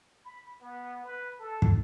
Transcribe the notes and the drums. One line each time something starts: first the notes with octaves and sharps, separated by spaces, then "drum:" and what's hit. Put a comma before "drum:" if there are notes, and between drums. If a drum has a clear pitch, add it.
B5
B3
B4
A4
drum: kick